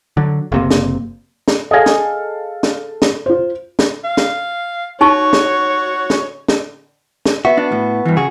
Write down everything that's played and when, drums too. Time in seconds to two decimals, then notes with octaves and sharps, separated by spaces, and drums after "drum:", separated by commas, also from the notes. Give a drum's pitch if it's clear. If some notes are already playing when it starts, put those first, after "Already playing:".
0.17 D3 F#3
0.52 F#1 C3 A#3
0.71 drum: snare
1.48 drum: snare
1.71 G#4 A4 D#5 F5
1.86 drum: snare
2.63 drum: snare
3.02 drum: snare
3.26 F4 C5
3.79 drum: snare
4.04 F5
4.17 drum: snare
5.01 D#4 F#4 C#5 A5 C#6
5.33 drum: snare
6.10 drum: snare
6.48 drum: snare
7.26 drum: snare
7.45 B3 F#4 E5
7.57 D4
7.72 A2
8.05 G2 E3
8.17 C#3 F#4 G#4